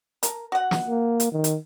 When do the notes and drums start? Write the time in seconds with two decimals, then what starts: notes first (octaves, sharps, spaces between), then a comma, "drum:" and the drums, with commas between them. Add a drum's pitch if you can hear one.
0.23 A#4, drum: hi-hat
0.52 F#4 F#5
0.71 drum: snare
0.88 A#3
1.20 drum: hi-hat
1.32 D#3
1.44 drum: hi-hat